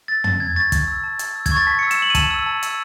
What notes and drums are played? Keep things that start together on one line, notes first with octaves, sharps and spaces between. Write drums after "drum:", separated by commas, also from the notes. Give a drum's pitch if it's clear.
E6 A6
A5 A6, drum: tom
A5 G#6
C#6 A6
A5, drum: kick, hi-hat
E6
A5
A5, drum: hi-hat
E6
G#6, drum: kick, hi-hat
C#6
A6
A5 B6
C#7
E6
E7, drum: hi-hat
E6 F#7
D#7
A5 E7, drum: kick, hi-hat
E6
A5
E6, drum: hi-hat